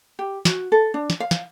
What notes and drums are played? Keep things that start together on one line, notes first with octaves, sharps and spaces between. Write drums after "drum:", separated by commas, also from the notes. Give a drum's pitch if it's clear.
G4
F#4, drum: snare
A4
D4
drum: snare
F5
drum: snare